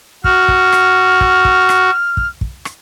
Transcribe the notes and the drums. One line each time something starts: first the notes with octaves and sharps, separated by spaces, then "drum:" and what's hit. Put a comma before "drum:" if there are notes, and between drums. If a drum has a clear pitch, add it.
F#4 F6, drum: kick
drum: kick
drum: rim click
drum: kick
drum: kick
drum: rim click
drum: kick
drum: kick
drum: rim click